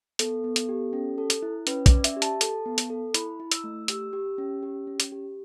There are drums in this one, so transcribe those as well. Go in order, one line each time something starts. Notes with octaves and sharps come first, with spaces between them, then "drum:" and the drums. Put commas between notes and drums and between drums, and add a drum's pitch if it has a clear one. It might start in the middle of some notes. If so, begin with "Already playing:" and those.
B3 A4, drum: hi-hat
B3
drum: hi-hat
G4
C#4
A4
drum: hi-hat
E4
C#4 B4, drum: hi-hat
D5, drum: kick, hi-hat
C#4
E5, drum: hi-hat
G4
A5, drum: hi-hat
A4, drum: hi-hat
B3
drum: hi-hat
A4
E4 B5, drum: hi-hat
E4
E6, drum: hi-hat
A3
G4 E6, drum: hi-hat
G4
C#4
G4
C#4
drum: hi-hat
G4